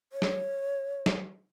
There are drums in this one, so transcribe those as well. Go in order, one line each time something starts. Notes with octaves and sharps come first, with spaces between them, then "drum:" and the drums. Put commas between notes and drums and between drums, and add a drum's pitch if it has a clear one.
C#5
drum: snare
drum: snare